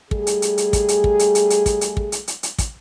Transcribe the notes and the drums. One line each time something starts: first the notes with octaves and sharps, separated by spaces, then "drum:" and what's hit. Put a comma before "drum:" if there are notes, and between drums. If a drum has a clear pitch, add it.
G3 A3 G#4, drum: kick
drum: hi-hat
drum: hi-hat
drum: hi-hat
drum: kick, hi-hat
drum: hi-hat
drum: kick
drum: hi-hat
drum: hi-hat
drum: hi-hat
drum: kick, hi-hat
drum: hi-hat
drum: kick
drum: hi-hat
drum: hi-hat
drum: hi-hat
drum: kick, hi-hat